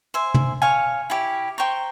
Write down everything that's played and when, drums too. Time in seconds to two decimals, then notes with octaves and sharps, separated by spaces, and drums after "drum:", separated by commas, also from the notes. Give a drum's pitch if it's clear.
0.14 C5 E5 G#5
0.34 drum: tom
0.62 C#5 F5 G#5
1.10 E4 G4 C#5
1.58 C5 G5 A#5 C#6